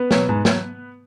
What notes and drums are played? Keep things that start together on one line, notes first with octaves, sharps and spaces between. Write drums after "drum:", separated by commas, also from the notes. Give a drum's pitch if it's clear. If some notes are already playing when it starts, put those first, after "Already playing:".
Already playing: B3 B4
B2 F#3, drum: snare
G#2
F#3, drum: snare